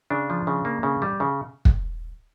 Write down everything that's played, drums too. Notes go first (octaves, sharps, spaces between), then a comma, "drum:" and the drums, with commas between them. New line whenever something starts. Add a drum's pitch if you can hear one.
C#3 D4
F3
C#3
A#3
C#3
G3
C#3
drum: kick